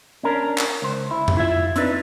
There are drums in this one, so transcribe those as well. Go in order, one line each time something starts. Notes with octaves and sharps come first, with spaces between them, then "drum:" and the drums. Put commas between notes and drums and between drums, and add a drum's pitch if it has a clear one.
C#4 D4 A#4
drum: clap
C#2 C5
E4
drum: tom F2
E4 F4 E5
C4 D4 D#4 B4, drum: hi-hat